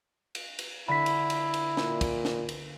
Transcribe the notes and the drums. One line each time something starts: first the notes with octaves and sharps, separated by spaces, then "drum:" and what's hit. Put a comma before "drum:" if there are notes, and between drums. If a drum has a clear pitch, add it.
drum: cymbal
drum: cymbal
D3 E4 B5 B6
drum: cymbal
drum: cymbal
drum: cymbal
A#2, drum: snare
drum: kick, cymbal
drum: snare
drum: cymbal